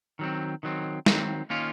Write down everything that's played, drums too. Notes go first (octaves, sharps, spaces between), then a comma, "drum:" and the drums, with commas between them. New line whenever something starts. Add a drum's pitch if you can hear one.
D#3 F#3 C4
D#3 F#3 C4
D#3 F#3 C4, drum: snare
D#3 A#3 C#4 F4